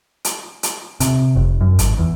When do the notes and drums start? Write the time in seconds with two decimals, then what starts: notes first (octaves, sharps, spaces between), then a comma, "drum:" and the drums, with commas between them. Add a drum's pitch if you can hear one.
0.25 drum: hi-hat
0.63 drum: hi-hat
1.00 C3, drum: hi-hat
1.36 F1
1.61 F#2
1.79 G#1, drum: hi-hat
1.98 E2